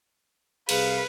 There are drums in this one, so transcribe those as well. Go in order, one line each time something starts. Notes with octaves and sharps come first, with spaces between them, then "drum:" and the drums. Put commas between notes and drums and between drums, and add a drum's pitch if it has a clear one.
C2 G#4 B4 F5, drum: cymbal